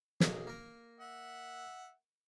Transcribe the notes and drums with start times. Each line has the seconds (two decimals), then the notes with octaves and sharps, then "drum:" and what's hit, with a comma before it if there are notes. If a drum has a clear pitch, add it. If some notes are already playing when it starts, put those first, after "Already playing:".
0.20 B1 A#3 G#4, drum: snare
0.47 A#3 A#4
1.00 E5 F#5